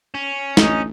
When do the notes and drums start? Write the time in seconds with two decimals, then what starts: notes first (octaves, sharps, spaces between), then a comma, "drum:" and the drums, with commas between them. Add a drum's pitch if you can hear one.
0.14 C#4
0.57 A1 D2 D#4, drum: snare